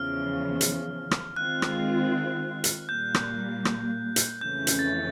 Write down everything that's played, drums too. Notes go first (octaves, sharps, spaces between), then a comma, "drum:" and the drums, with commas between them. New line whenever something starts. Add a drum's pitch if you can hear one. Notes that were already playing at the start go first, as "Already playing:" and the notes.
Already playing: E2 C#3 F3 F6
drum: hi-hat
drum: rim click
D#3 G#3 C4 F4 F#6
drum: rim click
drum: hi-hat
A#2 G3 A#3 G6
drum: rim click
drum: rim click
drum: hi-hat
F2 C#3 E3 A3 C#4 G6
drum: hi-hat
A6